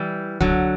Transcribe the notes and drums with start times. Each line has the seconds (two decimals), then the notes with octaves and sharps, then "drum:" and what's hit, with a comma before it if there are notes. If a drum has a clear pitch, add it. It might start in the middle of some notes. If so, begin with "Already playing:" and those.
Already playing: E3 G3
0.40 D3 F#3, drum: kick